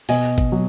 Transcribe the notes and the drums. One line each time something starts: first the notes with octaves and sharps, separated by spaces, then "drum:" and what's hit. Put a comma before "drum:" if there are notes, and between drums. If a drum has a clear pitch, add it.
B2 D#5 G#5, drum: open hi-hat
drum: kick G1, hi-hat
F#3